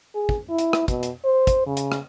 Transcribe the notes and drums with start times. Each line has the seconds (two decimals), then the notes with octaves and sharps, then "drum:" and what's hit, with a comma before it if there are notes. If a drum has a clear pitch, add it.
0.15 G#4
0.29 drum: kick
0.49 E4
0.58 drum: hi-hat
0.73 drum: rim click
0.88 B2, drum: kick, hi-hat
1.03 drum: hi-hat
1.24 C5
1.47 drum: kick, hi-hat
1.66 C#3
1.77 drum: hi-hat
1.92 drum: rim click